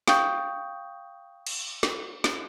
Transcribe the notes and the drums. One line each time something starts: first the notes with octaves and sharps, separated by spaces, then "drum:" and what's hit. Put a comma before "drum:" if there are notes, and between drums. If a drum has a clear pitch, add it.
F5 G5 C#6 D#6 G6, drum: snare
drum: cymbal
drum: snare
drum: snare